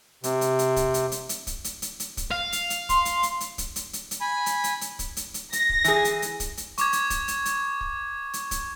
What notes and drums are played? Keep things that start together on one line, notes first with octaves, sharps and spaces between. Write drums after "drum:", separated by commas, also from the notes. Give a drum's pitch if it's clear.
C3, drum: hi-hat
drum: hi-hat
drum: hi-hat
drum: kick, hi-hat
drum: hi-hat
drum: hi-hat
drum: hi-hat
drum: kick, hi-hat
drum: hi-hat
drum: hi-hat
drum: hi-hat
drum: kick, hi-hat
F5
drum: hi-hat
drum: hi-hat
C6, drum: kick, hi-hat
drum: hi-hat
drum: hi-hat
drum: hi-hat
drum: kick, hi-hat
drum: hi-hat
drum: hi-hat
drum: hi-hat
G#5 B5
drum: hi-hat
drum: hi-hat
drum: hi-hat
drum: kick, hi-hat
drum: hi-hat
drum: hi-hat
A#6, drum: hi-hat
drum: kick
E3 G#4, drum: hi-hat
drum: hi-hat
drum: hi-hat
drum: kick, hi-hat
drum: hi-hat
C#6 D6 G#6, drum: hi-hat
drum: hi-hat
drum: kick, hi-hat
drum: hi-hat
drum: hi-hat
drum: kick
drum: hi-hat
drum: kick, hi-hat